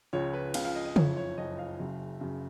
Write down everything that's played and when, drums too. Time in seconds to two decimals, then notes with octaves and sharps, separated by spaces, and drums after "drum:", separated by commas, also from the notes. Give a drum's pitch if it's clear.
0.13 C#2 C#3 F3 C#5
0.33 B4
0.54 C#2 C#3 F3 F5, drum: cymbal
0.65 F5
0.75 D#5
0.85 D#5
0.96 F#1 F2 F3 C#5, drum: tom C#3
1.17 C#5
1.37 F#1 F2 F3 D#5
1.59 F5
1.79 F#1 F#2 C#3
2.21 F#2 C#3